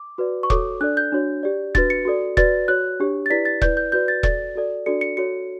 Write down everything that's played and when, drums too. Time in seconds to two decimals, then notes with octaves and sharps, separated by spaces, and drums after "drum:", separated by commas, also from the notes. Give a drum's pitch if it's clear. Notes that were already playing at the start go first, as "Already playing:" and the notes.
Already playing: D6
0.18 F#4 B4 D5
0.43 C#6
0.50 F#4 A4 C#5 D6, drum: kick E1
0.81 D4 A4 D5 F#6
0.97 G6
1.12 D4 F#4 C#5
1.43 G4 D5
1.75 D4 F#4 B4 A6, drum: kick E1
1.90 C#7
2.05 F#4 A4 D5
2.37 F#4 B4 D5 A6, drum: kick E1
2.68 F#4 C#5 F#6
3.00 D4 G4 C#5
3.26 A6
3.30 E4 G4 B4 D5 B6
3.45 A6
3.61 E4 B4 D5 G6, drum: kick E1
3.77 G6
3.92 F#4 B4 D5 G6
4.08 A6
4.23 F#4 A4 D5 A6, drum: kick E1
4.56 F#4 A4 D5
4.86 D4 F#4 A4 D5 C#7
5.01 C#7
5.17 F#4 A4 C#5 C#7